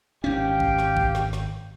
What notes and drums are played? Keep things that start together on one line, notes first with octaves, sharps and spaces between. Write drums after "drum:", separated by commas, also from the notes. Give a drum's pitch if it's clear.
G#1 C#4 G4 F5 G5
drum: kick A#1
drum: snare
drum: kick A#1
drum: snare
drum: snare